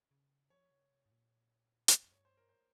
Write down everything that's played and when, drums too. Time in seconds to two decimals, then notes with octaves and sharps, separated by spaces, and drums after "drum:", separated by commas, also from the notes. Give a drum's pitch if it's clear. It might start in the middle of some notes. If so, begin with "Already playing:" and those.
0.11 C#3
0.50 F3 C#5
0.71 C#3
0.91 C3
1.06 G#2
1.12 A#2
1.88 drum: hi-hat
2.05 F2
2.12 G2 C#5
2.25 C5
2.37 A#4
2.49 C5